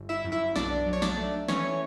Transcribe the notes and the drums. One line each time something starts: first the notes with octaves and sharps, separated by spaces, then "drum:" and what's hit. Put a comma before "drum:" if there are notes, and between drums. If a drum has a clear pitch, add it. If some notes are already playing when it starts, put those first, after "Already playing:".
Already playing: G1
E4 E5
F#2
E4 E5
B1 D4 D5, drum: snare
F#3
C#5
D4 D5, drum: snare
A3
E3 C#4 C#5, drum: snare